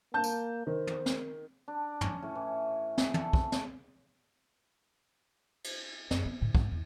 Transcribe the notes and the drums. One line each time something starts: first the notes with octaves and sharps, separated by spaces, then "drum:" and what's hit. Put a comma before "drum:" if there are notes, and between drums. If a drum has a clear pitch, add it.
A#3 A5 G6
drum: tambourine
D#3 C5
drum: tom
drum: snare
D4
C#4, drum: tom
A2
E3
G#5, drum: snare
A4, drum: tom
drum: kick
drum: snare
drum: cymbal
F#2, drum: snare
B3
A2 D3
G#2, drum: kick
E2